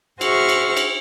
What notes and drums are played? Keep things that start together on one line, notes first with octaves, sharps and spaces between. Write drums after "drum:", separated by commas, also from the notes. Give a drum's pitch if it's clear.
F#4 G#4 C5 E5 C#6 F6, drum: cymbal
drum: cymbal
drum: cymbal